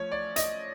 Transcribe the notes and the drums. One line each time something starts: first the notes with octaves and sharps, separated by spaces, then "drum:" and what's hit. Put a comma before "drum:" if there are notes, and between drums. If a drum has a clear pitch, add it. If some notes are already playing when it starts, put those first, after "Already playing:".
Already playing: F3 A3 C#4 C#5
D5
D#5, drum: hi-hat